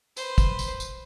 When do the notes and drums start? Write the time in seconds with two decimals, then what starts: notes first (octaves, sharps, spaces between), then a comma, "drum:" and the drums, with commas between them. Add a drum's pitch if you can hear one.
0.17 B4 C5, drum: tambourine
0.38 drum: kick, tambourine
0.59 drum: tambourine
0.80 drum: tambourine